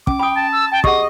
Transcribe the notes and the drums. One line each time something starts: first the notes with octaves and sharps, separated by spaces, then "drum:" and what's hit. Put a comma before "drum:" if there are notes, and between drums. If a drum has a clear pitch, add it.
C#4 D6, drum: kick
G5 B5 D#6
A5
E6
G5 A5
G4 G#4 D#5 F#5 D#6, drum: kick